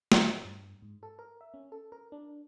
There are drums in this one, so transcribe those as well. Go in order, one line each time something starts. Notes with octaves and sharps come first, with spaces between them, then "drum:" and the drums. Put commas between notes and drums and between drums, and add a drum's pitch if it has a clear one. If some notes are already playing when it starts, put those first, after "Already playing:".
A#2, drum: snare
G2
G#2
A4
A#4
E5
C#4
A4
A#4
D4